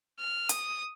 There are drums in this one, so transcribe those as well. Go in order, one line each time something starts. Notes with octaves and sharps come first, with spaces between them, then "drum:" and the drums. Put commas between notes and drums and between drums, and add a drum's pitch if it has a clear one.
F6
D#6, drum: hi-hat